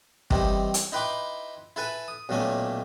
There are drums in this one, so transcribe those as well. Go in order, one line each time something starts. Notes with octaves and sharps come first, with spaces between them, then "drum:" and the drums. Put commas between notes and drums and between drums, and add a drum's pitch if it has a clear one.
D#3 E3 G3 C4 D#4, drum: kick
drum: hi-hat
D#4 E4 B4 G5 C6 D6
E4 A4 B4 G#5
D#6
B1 A#2 D#3 A3 C#4 G#5